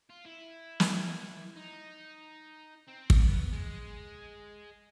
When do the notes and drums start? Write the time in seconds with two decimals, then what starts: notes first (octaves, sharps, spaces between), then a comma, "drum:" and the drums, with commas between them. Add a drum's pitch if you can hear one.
0.10 F4
0.26 E4
0.80 drum: snare
1.57 D#4
2.87 C4
3.10 drum: kick
3.19 B3
3.53 G#3